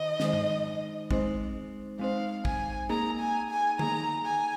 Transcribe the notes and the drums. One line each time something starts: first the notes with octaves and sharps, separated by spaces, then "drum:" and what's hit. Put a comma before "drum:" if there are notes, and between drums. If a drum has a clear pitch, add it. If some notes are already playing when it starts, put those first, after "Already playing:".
Already playing: D#3 D#4 C5 D#5
D#3 G#3 D#4 C5, drum: snare
drum: tom G#2
G#3 C4 D#4 C5, drum: kick
G#3 C4 D#4 C5 F5
G#5, drum: kick
A#3 D#4 G#4 A#5
G#5
G#5
A#3 D#4 G#4 A#5, drum: tom D3
G#5